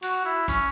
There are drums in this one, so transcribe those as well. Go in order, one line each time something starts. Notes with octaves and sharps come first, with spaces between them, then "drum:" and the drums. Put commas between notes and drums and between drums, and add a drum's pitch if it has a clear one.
F#4, drum: cymbal
E4
C#4, drum: kick, cymbal